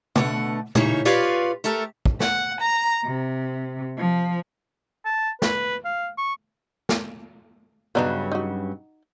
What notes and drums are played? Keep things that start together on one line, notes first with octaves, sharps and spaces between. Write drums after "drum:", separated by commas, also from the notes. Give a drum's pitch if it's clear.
B2 D3 A3 F#5, drum: tom
C#3 E3 A#3 D#4 G4 C#5, drum: tom A#2
F4 G4 B4 C#5 D5 F5
A3 G4 A4 A#4
drum: kick
F#5, drum: snare
A#5
C3
F3
A5
B4, drum: snare
F5
C#6
drum: snare
G2 C#3 F#3 B3 D4 D#4
D#4 F#4